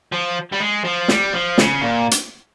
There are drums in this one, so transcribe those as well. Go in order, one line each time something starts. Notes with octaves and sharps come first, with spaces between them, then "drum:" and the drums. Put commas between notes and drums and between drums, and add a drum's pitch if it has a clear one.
F3
G3
G#3
F3
G3, drum: snare
F3
C#3, drum: snare
A#2
drum: hi-hat